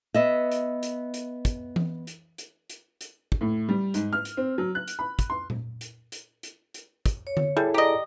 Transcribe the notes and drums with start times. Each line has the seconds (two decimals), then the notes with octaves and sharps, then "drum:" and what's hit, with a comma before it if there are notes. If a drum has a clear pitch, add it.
0.14 B3 D#5 E5
0.52 drum: hi-hat
0.83 drum: hi-hat
1.14 drum: hi-hat
1.45 drum: kick, hi-hat
1.76 drum: tom E3
2.07 drum: hi-hat
2.38 drum: hi-hat
2.70 drum: hi-hat
3.01 drum: hi-hat
3.32 drum: kick
3.41 A2
3.69 G3
3.94 G#2, drum: hi-hat
4.13 F6
4.25 drum: hi-hat
4.37 C4
4.58 F#3
4.75 F#6
4.88 drum: hi-hat
4.99 B5
5.19 drum: kick, hi-hat
5.30 C6
5.50 drum: tom A#2
5.81 drum: hi-hat
6.12 drum: hi-hat
6.43 drum: hi-hat
6.74 drum: hi-hat
7.06 drum: kick, hi-hat
7.27 C#5
7.37 drum: tom D3
7.57 G3 E4 G#4 A4
7.74 G4 D5 D#5 A#5